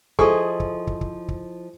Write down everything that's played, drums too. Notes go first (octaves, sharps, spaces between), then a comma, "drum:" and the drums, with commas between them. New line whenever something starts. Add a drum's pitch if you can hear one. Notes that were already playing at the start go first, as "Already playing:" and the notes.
F3 E4 G#4 A4 D#5 C#6, drum: kick
drum: kick
drum: kick
drum: kick
drum: kick